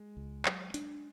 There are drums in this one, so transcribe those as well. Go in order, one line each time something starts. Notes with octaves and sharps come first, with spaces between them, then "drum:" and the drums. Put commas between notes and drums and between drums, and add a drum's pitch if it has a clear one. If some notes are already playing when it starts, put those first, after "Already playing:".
Already playing: G#3
C#2
F#3, drum: clap
D4, drum: hi-hat